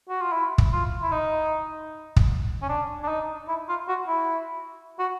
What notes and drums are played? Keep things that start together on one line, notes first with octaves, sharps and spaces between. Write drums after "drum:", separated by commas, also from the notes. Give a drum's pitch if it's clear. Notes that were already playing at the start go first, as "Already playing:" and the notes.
F#4
F4
E4
drum: kick
F4
E4
D#4
drum: kick
C#4
D4
D4
D#4
E4
F4
F#4
E4
F#4